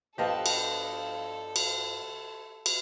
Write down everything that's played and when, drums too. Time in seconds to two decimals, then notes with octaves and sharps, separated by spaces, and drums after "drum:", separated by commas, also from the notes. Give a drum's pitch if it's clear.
0.18 G2 F3 B3 G4 A4 D#5 F5 A5
0.46 drum: cymbal
1.56 drum: cymbal
2.66 drum: cymbal